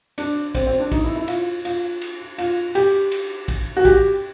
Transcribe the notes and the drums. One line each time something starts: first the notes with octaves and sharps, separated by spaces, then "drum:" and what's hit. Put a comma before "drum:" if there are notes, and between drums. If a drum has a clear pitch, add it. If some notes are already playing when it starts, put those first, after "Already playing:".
D4, drum: cymbal
C4, drum: kick, cymbal
C4
D4
D#4, drum: kick, cymbal
E4
E4
F4, drum: cymbal
F4, drum: cymbal
drum: cymbal
F4, drum: cymbal
G4, drum: cymbal
drum: cymbal
drum: kick, cymbal
F#4
G4, drum: kick, cymbal